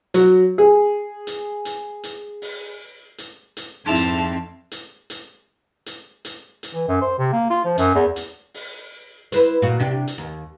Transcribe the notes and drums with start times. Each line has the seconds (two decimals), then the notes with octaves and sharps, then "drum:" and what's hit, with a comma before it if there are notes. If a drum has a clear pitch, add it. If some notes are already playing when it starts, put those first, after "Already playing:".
0.14 F#3, drum: hi-hat
0.58 G#4
1.27 drum: hi-hat
1.65 drum: hi-hat
2.04 drum: hi-hat
2.42 drum: open hi-hat
3.18 drum: hi-hat
3.57 drum: hi-hat
3.86 F2 G#2 C4 E4 A5 F7
3.95 drum: hi-hat
4.72 drum: hi-hat
5.10 drum: hi-hat
5.86 drum: hi-hat
6.25 drum: hi-hat
6.63 drum: hi-hat
6.74 E3
6.88 F#2
7.01 C5
7.19 C3
7.33 A#3
7.50 F4
7.64 F3
7.78 F#2, drum: hi-hat
7.95 E2
8.16 drum: hi-hat
8.54 drum: open hi-hat
9.32 E4 B4 C5, drum: hi-hat
9.62 A#2 F#4
9.80 C3 D4 G4
10.08 drum: hi-hat
10.18 D#2